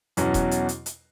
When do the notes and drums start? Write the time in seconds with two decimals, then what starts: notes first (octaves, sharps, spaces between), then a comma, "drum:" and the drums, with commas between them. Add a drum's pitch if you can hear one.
0.17 E2 B2 F#3 C#4 F#4, drum: hi-hat
0.34 drum: kick E1, hi-hat
0.51 drum: hi-hat
0.69 drum: hi-hat
0.86 drum: hi-hat